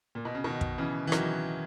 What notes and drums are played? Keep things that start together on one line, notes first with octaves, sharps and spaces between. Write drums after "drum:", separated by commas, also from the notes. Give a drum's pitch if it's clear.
A#2
B2
C#3
B2 D#3
drum: kick
C#3 E3
E3
D#3 F#3, drum: rim click